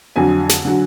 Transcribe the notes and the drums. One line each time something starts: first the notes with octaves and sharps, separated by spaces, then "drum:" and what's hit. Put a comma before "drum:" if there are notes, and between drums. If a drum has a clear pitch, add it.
F2 D3 F#3 G#5
drum: snare
D3 F#3